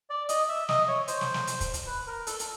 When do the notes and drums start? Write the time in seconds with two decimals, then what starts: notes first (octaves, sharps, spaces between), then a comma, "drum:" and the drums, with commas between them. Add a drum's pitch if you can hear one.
0.10 D5
0.29 D#5, drum: hi-hat
0.49 E5
0.69 D#5, drum: snare
0.88 C#5
1.08 C5, drum: hi-hat
1.21 drum: snare
1.34 drum: snare
1.47 drum: hi-hat
1.60 drum: kick, hi-hat
1.74 drum: hi-hat
1.87 B4
2.07 A#4
2.27 A4, drum: hi-hat
2.39 drum: hi-hat